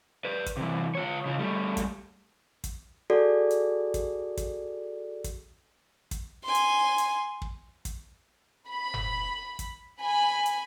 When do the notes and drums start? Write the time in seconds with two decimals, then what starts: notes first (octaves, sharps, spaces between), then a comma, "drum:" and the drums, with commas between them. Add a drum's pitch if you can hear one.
0.25 B4 D5
0.46 drum: kick, hi-hat
0.57 C3 E3
0.95 F4 C#5
1.26 C#3 F4
1.39 G3 A3
1.77 drum: kick, hi-hat
2.64 drum: kick, hi-hat
3.10 F#4 G#4 A4 D5
3.51 drum: hi-hat
3.94 drum: kick, hi-hat
4.37 drum: kick, hi-hat
5.24 drum: kick, hi-hat
6.11 drum: kick, hi-hat
6.44 G#5 C6
6.55 drum: hi-hat
6.98 drum: hi-hat
7.42 drum: kick
7.85 drum: kick, hi-hat
8.69 B5
8.94 drum: tom F#1
9.59 drum: kick, hi-hat
9.98 G#5 B5
10.46 drum: hi-hat